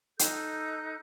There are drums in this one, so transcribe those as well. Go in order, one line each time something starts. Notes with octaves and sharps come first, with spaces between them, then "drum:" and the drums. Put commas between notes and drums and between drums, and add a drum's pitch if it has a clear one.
D#4 A4 F#6 G6, drum: hi-hat